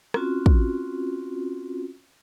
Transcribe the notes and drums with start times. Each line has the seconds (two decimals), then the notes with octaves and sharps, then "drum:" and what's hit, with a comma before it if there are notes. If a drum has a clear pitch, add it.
0.14 C4 C#4 F4 F#4, drum: rim click
0.46 drum: kick